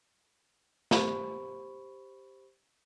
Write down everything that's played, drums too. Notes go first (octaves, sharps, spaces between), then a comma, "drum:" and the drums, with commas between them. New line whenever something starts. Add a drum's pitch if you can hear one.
G4 C5 B5 C#6, drum: snare